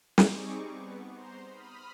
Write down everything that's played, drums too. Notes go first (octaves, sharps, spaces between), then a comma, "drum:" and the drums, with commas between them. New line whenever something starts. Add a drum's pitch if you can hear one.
G3 C4 D#4 G#4 C#6 D6, drum: snare
B3
C5 A#5 C6
B5 D#6 F6